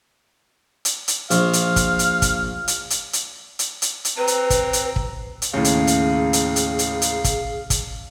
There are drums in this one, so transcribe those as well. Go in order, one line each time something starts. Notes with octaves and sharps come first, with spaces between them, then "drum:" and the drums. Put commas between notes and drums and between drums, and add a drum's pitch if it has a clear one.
drum: hi-hat
drum: hi-hat
A#1 F5, drum: hi-hat
drum: hi-hat
drum: kick, hi-hat
drum: hi-hat
drum: kick, hi-hat
drum: hi-hat
drum: hi-hat
drum: hi-hat
drum: hi-hat
drum: hi-hat
drum: hi-hat
C4 B4 A#5
drum: hi-hat
drum: kick, hi-hat
drum: hi-hat
drum: kick
drum: hi-hat
D#2 A2 C#3 G#4 F5
drum: hi-hat
drum: hi-hat
drum: hi-hat
drum: hi-hat
drum: hi-hat
drum: hi-hat
drum: kick, hi-hat
drum: kick, hi-hat